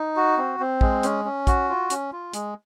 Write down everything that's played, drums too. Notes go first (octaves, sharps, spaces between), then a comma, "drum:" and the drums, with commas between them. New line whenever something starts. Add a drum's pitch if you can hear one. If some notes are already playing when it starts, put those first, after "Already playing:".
Already playing: D#4
F#4
C4
C4
G#3, drum: kick
C#4, drum: hi-hat
C#4
F#4, drum: kick, hi-hat
F4
C#4, drum: hi-hat
F4
G#3, drum: hi-hat